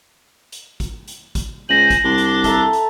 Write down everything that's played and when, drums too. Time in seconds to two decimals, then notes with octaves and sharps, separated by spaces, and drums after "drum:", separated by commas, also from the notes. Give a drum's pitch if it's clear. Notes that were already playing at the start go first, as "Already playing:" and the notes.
0.52 drum: hi-hat
0.80 drum: kick, hi-hat
1.08 drum: hi-hat
1.35 drum: kick, hi-hat
1.69 C#2 C5 G#5 A#6 F#7
1.90 drum: kick, hi-hat
2.04 C2 D4 C6 D6
2.18 drum: hi-hat
2.44 A4 E5 A#5, drum: kick, hi-hat
2.73 drum: hi-hat